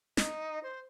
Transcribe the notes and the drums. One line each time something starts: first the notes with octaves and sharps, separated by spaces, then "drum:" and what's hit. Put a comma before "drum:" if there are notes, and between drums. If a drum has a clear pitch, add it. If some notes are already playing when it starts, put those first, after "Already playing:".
D#4, drum: snare
C5